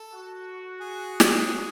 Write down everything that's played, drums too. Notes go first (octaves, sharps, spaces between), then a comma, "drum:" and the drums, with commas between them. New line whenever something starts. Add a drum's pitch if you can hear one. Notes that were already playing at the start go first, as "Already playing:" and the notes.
Already playing: A4
F#4
G#4
drum: snare